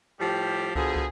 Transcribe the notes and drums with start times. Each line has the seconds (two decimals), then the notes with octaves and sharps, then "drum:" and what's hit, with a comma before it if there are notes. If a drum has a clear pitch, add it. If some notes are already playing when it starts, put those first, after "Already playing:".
0.20 A2 F3 G3 G4
0.75 B2 D3 F3 G#4, drum: kick
0.96 drum: kick